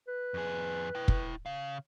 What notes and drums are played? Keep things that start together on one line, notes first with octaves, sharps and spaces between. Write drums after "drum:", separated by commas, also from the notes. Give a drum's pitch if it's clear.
B4
F2 G#4
E4 G5
drum: kick
C#3 F5